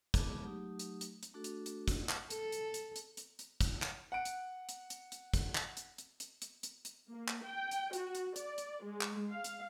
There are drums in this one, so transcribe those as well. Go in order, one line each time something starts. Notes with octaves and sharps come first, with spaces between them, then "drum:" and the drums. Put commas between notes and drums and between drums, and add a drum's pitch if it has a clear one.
G#3 B3 G#4 A5 D6, drum: kick, hi-hat
F#3 A3 D#4 G4 D#6
drum: hi-hat
drum: hi-hat
drum: hi-hat
A3 D4 F#4 A4
drum: hi-hat
drum: hi-hat
drum: kick, hi-hat
drum: clap
A4, drum: hi-hat
drum: hi-hat
drum: hi-hat
drum: hi-hat
drum: hi-hat
drum: hi-hat
drum: kick, hi-hat
drum: clap
F#5 D7
drum: hi-hat
drum: hi-hat
drum: hi-hat
drum: hi-hat
drum: kick, hi-hat
drum: clap
drum: hi-hat
drum: hi-hat
drum: hi-hat
drum: hi-hat
drum: hi-hat
drum: hi-hat
A#3
drum: clap
G5
drum: hi-hat
F#4, drum: hi-hat
drum: hi-hat
D5, drum: hi-hat
drum: hi-hat
G#3
drum: clap
F5
drum: hi-hat